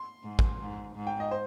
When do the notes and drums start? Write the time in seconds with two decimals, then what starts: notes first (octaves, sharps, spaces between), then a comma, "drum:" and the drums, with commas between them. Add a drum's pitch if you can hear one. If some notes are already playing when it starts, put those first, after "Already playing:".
Already playing: C6
0.23 G#2
0.39 drum: kick A1
0.59 G#2
0.96 G#2
1.07 G5
1.20 D#5
1.31 C5